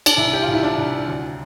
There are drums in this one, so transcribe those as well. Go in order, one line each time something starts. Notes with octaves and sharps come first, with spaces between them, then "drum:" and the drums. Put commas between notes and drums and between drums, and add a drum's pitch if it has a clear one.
D4, drum: cymbal
C2 E4
G4
F4
C2
E4
D4
C2
D2